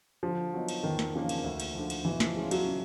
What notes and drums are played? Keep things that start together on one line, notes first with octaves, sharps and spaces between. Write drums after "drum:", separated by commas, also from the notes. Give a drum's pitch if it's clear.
D3 F3
F#3 B3 D#4
drum: cymbal
E2 D#3
drum: snare
C#3 F3 A#3 D4
drum: cymbal
D2
drum: cymbal
D3 F3
drum: cymbal
B2 E3
F3, drum: snare
G#3 C#4 F4
F#3, drum: cymbal
C#3